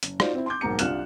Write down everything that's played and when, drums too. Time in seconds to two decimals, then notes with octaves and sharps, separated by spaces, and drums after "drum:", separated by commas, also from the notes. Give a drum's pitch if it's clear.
0.03 F#1, drum: hi-hat
0.20 D#4 F4 F#4 C5 D5, drum: rim click
0.33 C4 E4
0.46 C6 D6 G6
0.61 B1 G#2 A#3 A#5 C#7
0.79 C2 D4 F4 F6 F#6 E7, drum: hi-hat